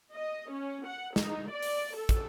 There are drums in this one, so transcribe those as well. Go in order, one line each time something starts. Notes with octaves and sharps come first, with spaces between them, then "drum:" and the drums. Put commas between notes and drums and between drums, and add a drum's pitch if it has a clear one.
D#5
C#4
F#5
D#4, drum: snare
D5
drum: open hi-hat
A4
drum: kick, hi-hat